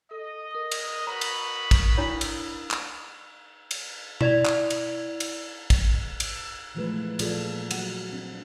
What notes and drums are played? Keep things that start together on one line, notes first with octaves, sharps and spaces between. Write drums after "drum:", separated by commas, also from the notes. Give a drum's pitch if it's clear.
A4 D#5
A#4 D#6
drum: cymbal
F#4 B4 A#5 B5
drum: cymbal
drum: kick, cymbal
D4 E4 C#5
drum: cymbal
drum: clap
drum: cymbal
E4 D5 G#6 F7, drum: tom B2
drum: clap
drum: cymbal
drum: cymbal
drum: kick, cymbal
drum: cymbal
A#2 E3 F3 G#3 A3 B4
A#2 F3 F4 G#4 A4 D5, drum: cymbal
F#3 F#5, drum: cymbal
C4 D4